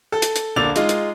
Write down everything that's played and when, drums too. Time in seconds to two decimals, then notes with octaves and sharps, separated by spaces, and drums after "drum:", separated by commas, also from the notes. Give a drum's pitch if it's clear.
0.12 A4
0.22 drum: hi-hat
0.36 drum: hi-hat
0.56 A#1 D3 A#3 D6 A6 F7
0.76 G#3 D#4 F4, drum: hi-hat
0.89 drum: hi-hat